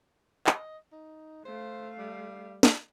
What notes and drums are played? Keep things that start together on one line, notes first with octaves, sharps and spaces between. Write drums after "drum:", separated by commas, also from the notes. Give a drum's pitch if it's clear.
D#5, drum: clap
D#4
A3 C5 F5
G3
drum: snare